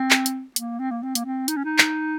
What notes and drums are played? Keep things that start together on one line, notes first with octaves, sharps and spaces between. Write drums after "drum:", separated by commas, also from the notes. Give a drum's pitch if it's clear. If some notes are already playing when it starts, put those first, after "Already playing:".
Already playing: C4
drum: clap
drum: hi-hat
A#3, drum: hi-hat
C4
A#3
C4
A#3, drum: hi-hat
C4
D#4, drum: hi-hat
C#4
D#4
drum: clap